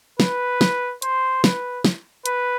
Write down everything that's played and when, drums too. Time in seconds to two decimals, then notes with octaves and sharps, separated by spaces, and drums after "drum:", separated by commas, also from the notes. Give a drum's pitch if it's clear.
0.20 B4, drum: snare
0.61 drum: snare
1.02 C5, drum: hi-hat
1.44 B4, drum: snare
1.85 drum: snare
2.26 B4, drum: hi-hat